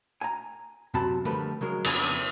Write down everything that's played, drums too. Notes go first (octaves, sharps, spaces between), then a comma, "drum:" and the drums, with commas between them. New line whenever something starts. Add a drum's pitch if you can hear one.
G#5 A#5
F#2 C3 F#3 C4 A5 B5
D3 F3 G3 A3 A#4 B4
C#3 F#3 G#3 A#4
F2 C#3 B3 D4 G#4 G#5, drum: cymbal